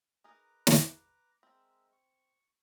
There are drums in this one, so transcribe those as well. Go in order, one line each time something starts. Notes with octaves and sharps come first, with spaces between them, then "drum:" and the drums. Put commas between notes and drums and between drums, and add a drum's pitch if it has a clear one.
D#4 G#4 A#4 B4 A#5 D6
drum: snare
G#3 C4 A#4 E5
C#6